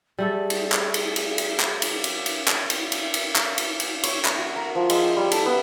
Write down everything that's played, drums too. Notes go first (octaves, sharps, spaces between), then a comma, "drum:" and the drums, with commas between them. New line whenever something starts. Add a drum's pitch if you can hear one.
G3 A3 G#4 A4
drum: cymbal
drum: clap
drum: cymbal
drum: cymbal
drum: cymbal
drum: clap
drum: cymbal
drum: cymbal
drum: cymbal
drum: clap
drum: cymbal
drum: cymbal
drum: cymbal
drum: clap
drum: cymbal
drum: cymbal
C#5, drum: cymbal
B5, drum: clap
F#4
A#4
F3
G#3, drum: cymbal
G5
G3
A4, drum: cymbal
B3